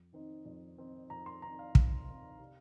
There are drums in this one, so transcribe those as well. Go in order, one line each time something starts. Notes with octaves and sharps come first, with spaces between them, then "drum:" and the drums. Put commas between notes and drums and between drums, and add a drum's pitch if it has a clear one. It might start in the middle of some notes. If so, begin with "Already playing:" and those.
Already playing: F2
D#3 C4 D#4
F2
D#3 C4 D#4
F2 A#5
C6
D#3 C4 D#4 A#5
F5
F2, drum: kick
D#3 C4 D#4
C3